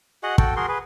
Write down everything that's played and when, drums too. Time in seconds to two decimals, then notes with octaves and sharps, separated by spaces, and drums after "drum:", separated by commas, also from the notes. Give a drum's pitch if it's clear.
0.23 F#4 G#4 D#5 F#5
0.38 F#4 A4 G5, drum: kick
0.56 F#4 G#4 A#4 C6
0.68 G#4 B4